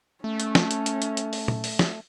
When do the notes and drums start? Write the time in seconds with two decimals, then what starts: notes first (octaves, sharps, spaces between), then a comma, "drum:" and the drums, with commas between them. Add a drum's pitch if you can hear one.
0.24 A3 C#4
0.40 drum: hi-hat
0.55 drum: snare
0.71 drum: hi-hat
0.86 drum: hi-hat
1.02 drum: hi-hat
1.17 drum: hi-hat
1.33 drum: open hi-hat
1.48 drum: tom A#2
1.64 drum: open hi-hat
1.79 drum: snare